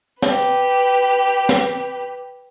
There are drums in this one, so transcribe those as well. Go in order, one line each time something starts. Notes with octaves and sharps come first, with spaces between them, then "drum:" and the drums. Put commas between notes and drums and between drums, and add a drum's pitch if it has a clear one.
G4 B4, drum: snare
drum: snare